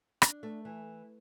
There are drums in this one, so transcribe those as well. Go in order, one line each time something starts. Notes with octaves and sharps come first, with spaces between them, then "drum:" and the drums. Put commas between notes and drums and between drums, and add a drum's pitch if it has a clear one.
D4, drum: rim click
A3
E3